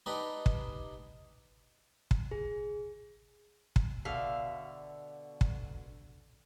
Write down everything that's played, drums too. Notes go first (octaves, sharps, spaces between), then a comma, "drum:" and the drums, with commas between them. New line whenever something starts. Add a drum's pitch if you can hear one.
D4 D#4 G4 B4 D#5
drum: kick
drum: kick
G#4
drum: kick
B2 D3 E5 F5
drum: kick